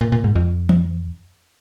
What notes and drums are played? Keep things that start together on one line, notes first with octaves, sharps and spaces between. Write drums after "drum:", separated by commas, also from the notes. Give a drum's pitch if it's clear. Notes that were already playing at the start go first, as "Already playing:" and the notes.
A#2
A#2
G#2
F2
drum: tom E3